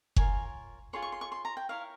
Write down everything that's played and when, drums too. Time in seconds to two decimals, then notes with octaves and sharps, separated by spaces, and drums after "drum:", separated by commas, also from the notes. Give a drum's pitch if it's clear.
0.16 F4 A#4 C#5 G#5, drum: kick F#1
0.93 F4 G#4 C#5 C6
1.02 C#6
1.12 C6
1.21 C#6
1.32 C6
1.45 A#5
1.57 G5
1.69 E4 A#4 C#5 F5